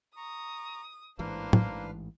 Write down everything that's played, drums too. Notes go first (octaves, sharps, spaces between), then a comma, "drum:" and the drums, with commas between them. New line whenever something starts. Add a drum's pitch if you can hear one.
A#5 C#6 D#6
A1 G#2 E3 A#3 D4 B4 C5 F5
drum: tom